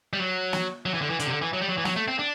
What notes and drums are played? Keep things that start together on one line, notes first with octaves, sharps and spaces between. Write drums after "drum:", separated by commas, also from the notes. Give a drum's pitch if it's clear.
G3
F#3
drum: snare
F#3
E3
D3
E3
D3, drum: hi-hat
C3
D3
E3
F#3
G3
F#3
E3
F#3, drum: snare
A3
C4
D4